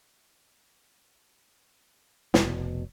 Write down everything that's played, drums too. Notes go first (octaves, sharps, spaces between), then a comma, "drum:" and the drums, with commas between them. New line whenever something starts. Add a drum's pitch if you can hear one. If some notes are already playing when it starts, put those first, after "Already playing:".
F1 B2, drum: snare